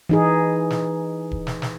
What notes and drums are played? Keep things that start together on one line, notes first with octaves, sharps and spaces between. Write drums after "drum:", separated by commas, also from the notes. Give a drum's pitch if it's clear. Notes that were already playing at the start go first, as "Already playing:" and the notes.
E3 D#4 G#4
drum: snare
drum: kick D1
drum: snare
drum: snare